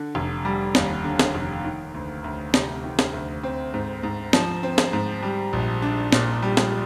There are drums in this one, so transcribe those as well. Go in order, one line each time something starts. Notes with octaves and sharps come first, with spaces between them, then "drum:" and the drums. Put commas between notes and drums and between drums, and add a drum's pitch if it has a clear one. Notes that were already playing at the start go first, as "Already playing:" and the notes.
Already playing: D3
F1
G3
D#2, drum: snare
D3
drum: snare
F1
D#3
D2
D2
C3, drum: snare
D#3
drum: snare
D2
C4
G#2
G#2
F3, drum: snare
C4
drum: snare
G#2
G3
A#1
D4
A#2, drum: snare
G3
drum: snare